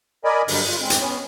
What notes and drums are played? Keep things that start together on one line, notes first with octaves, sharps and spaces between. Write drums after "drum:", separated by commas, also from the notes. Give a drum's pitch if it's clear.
A#4 D5 D#5 G#5 B5
G2 D3 F#3, drum: open hi-hat
F4
G#3 C4
drum: hi-hat
B3 C#4